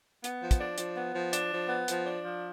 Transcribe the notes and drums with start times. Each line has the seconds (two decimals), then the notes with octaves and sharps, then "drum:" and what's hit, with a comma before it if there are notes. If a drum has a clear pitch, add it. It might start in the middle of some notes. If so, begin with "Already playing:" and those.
0.24 B3, drum: hi-hat
0.42 F3
0.51 drum: kick, hi-hat
0.61 D4
0.78 F3, drum: hi-hat
0.97 B3
1.14 F3
1.33 D4, drum: hi-hat
1.52 F3
1.69 B3
1.88 F3, drum: hi-hat
2.06 D4
2.24 F3